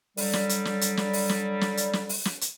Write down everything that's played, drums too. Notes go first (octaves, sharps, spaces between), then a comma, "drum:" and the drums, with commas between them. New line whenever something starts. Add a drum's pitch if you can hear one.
D3 F#3 G3, drum: open hi-hat
drum: snare
drum: hi-hat
drum: snare
drum: hi-hat
drum: snare
drum: open hi-hat
drum: snare
drum: snare
drum: hi-hat
drum: snare
drum: open hi-hat
drum: snare
drum: hi-hat